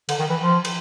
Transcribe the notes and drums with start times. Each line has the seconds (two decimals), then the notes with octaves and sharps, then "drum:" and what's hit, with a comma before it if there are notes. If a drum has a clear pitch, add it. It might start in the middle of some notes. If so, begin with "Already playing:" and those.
0.09 D3, drum: cymbal
0.19 D#3
0.30 E3
0.40 F3
0.65 drum: cymbal